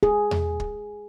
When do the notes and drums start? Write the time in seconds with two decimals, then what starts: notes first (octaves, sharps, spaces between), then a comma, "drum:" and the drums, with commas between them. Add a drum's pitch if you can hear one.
0.03 G#4, drum: kick
0.31 drum: tom E2
0.60 drum: kick